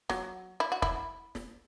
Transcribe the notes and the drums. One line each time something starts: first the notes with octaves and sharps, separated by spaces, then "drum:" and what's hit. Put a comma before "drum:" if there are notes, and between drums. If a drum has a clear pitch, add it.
F#3, drum: snare
E4
F#4
E4, drum: kick
drum: snare